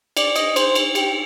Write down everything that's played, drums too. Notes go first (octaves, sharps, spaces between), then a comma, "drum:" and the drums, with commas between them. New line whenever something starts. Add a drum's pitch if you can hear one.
D5, drum: cymbal
D#5, drum: cymbal
C5, drum: cymbal
drum: cymbal
G4, drum: cymbal